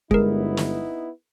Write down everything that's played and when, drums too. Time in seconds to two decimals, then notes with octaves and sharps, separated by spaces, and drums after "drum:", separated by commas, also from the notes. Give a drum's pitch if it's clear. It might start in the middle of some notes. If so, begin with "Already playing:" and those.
0.11 G1 G#3 B3 D#4 E4 G#4 A#4, drum: kick
0.57 drum: snare